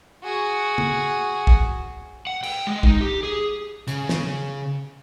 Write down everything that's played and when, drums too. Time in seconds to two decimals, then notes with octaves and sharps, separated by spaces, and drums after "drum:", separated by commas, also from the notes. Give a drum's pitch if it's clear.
0.23 F#4 G#4
0.78 drum: tom
1.47 drum: kick
2.27 F#5
2.43 G5, drum: cymbal
2.67 G#3
2.83 D#4, drum: kick
3.01 G4
3.23 G#4
3.88 C#3, drum: hi-hat
4.09 drum: snare